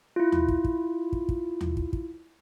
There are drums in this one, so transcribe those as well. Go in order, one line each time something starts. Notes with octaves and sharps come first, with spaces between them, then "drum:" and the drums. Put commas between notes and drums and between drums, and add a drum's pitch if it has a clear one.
E4 F4
drum: tom D#2
drum: kick
drum: kick
drum: kick
drum: kick
drum: tom D#2
drum: kick
drum: kick